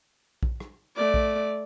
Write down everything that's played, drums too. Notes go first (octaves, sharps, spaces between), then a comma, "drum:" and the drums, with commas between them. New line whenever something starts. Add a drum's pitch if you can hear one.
drum: kick A#1
drum: rim click
A3 D5
drum: kick A#1